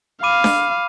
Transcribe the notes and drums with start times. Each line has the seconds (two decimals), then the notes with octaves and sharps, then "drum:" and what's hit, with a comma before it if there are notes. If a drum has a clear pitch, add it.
0.23 F5 B5 D6 D#7
0.44 drum: snare D4